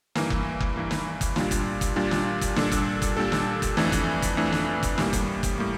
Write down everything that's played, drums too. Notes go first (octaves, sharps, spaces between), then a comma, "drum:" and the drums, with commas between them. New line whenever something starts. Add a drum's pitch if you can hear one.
G2 E3 A#3, drum: snare
drum: kick F#1
drum: kick F#1
G2 E3 A#3
drum: snare
drum: kick F#1, hi-hat
A#2 G3 D4 F4, drum: snare
drum: kick F#1, hi-hat
drum: kick F#1, hi-hat
A#2 G3 D4 F4
drum: snare
drum: kick F#1, hi-hat
A#2 G3 D4 A4, drum: snare
drum: kick F#1, hi-hat
drum: kick F#1, hi-hat
A#2 G3 D4 A4
drum: snare
drum: kick F#1, hi-hat
F2 E3 A3 D4, drum: snare
drum: kick F#1, hi-hat
drum: kick F#1, hi-hat
F2 E3 A3 D4
drum: snare
drum: kick F#1, hi-hat
A2 G3 A#3, drum: snare
drum: kick F#1, hi-hat
drum: kick F#1, hi-hat
A2 G3 A#3